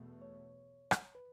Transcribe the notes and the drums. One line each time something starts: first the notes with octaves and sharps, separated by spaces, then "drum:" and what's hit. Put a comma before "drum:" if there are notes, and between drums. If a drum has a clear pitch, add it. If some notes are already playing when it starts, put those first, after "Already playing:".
Already playing: E2 B2 A3
C#5
drum: rim click
B4